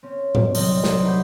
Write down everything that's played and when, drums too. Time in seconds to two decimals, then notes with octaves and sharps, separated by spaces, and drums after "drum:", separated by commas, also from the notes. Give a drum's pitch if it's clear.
0.03 C4 C#4
0.35 drum: tom A2
0.55 C2 D#3 F#3 C4 D#5 F6, drum: open hi-hat
0.84 D#4 F#4 G4 C5, drum: snare
1.04 F#5 B5 D6 G6